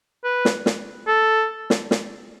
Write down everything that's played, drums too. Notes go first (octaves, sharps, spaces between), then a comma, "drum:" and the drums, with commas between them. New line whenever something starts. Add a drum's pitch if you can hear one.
B4
drum: snare
drum: snare
A4
drum: snare
drum: snare